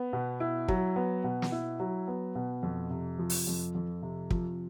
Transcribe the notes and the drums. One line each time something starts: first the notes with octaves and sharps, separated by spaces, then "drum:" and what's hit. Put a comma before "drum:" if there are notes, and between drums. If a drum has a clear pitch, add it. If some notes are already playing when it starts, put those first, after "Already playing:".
Already playing: B3
B2
E4
F#3, drum: kick
B3
B2
drum: snare
E4
F#3
B3
B2
F2
C3
F3
drum: open hi-hat
F2
F2
C3
F3, drum: kick